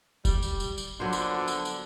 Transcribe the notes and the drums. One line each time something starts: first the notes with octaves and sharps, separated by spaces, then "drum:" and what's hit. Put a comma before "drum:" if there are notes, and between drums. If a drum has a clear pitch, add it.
G3, drum: kick E1, tambourine
drum: tambourine
drum: tambourine
drum: tambourine
A#2 D3 F3 F#3 B3 D4 C5
drum: tambourine
drum: tambourine
drum: tambourine